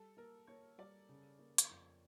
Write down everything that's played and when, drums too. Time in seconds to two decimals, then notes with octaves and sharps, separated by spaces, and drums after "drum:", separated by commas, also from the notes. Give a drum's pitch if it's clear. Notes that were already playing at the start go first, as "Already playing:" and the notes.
Already playing: G3 A4
0.17 A#3 A#4
0.47 A#3 C#5
0.78 G3 D5
1.09 C#3
1.39 A#3
1.58 drum: hi-hat
1.69 F2